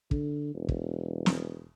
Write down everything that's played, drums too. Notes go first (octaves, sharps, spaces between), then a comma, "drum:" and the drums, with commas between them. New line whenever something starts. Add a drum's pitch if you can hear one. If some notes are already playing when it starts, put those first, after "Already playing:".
D3, drum: kick
E1
drum: kick
drum: snare